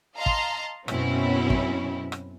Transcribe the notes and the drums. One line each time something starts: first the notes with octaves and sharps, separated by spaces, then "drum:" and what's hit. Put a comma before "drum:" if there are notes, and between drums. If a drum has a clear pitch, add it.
D#5 F5 A5 A#5 C6
drum: kick
F#2 B2 C4 C#4 E4, drum: rim click
drum: kick
drum: rim click